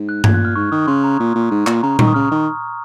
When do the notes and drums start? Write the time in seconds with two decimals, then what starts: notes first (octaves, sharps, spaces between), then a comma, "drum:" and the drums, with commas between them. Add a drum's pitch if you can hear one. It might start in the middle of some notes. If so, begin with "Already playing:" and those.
Already playing: G#2
0.09 F#6
0.24 A#2 G#6, drum: tom G2
0.34 F#6
0.45 F6
0.56 G#2 C#6
0.72 D#3 D#6
0.87 C#3 C6
1.04 A#5
1.20 A#2
1.35 A#2
1.51 G#2
1.67 A#2, drum: clap
1.83 C#3 A#5
1.99 D#3 C#6, drum: tom A#2
2.08 D#6
2.14 C#3 F6
2.30 D#3 F6